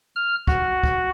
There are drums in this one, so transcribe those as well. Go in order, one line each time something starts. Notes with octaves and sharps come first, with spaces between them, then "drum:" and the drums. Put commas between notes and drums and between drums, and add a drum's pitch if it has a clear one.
F6
F#4, drum: kick
drum: kick